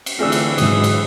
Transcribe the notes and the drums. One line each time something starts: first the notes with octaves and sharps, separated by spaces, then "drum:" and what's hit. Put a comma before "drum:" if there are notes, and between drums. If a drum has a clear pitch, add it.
drum: cymbal
D3 E3 A3 C4 F4 G#4 D5 E6
drum: cymbal
G#2 C3 D#3 F#3 G#3 D#6, drum: cymbal
drum: cymbal